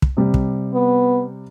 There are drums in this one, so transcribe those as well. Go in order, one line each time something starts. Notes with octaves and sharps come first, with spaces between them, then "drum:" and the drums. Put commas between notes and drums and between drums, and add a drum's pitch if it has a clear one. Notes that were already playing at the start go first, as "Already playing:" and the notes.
drum: kick
C3 G3
drum: kick
B3